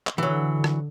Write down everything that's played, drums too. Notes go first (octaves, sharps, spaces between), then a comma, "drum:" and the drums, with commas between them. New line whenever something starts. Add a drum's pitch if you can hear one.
drum: clap
D3 E3 F#3
drum: rim click